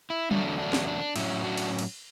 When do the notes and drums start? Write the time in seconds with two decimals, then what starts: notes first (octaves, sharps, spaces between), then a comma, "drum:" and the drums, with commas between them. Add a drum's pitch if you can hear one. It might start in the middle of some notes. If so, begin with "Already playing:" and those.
0.10 E4
0.31 E2 D3 F#3 A3 D4, drum: tom F#3
0.59 D4
0.73 drum: snare
0.87 D4
1.16 A2 F#3 C#4 E4, drum: cymbal
1.44 D4 F#4
1.57 drum: cymbal
1.79 drum: cymbal